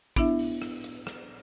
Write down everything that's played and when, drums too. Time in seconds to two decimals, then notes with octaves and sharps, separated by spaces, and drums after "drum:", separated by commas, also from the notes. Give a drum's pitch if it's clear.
0.16 B3 D4 E4 E5, drum: kick, hi-hat
0.39 drum: open hi-hat
0.62 drum: rim click
0.84 drum: hi-hat
1.07 drum: rim click